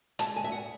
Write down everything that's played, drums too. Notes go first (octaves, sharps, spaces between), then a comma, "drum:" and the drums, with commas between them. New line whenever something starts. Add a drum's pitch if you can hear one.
G#3 A5, drum: hi-hat
D2 G#5
E5
F#5